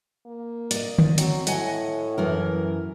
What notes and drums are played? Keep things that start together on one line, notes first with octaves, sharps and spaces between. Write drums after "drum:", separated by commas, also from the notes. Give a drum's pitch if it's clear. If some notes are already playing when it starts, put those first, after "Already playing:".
A#3
D5 D#5, drum: hi-hat
drum: tom D3
F#3 C4, drum: hi-hat
A2 D#5 F#5 G#5, drum: hi-hat
F#2 E3 A#4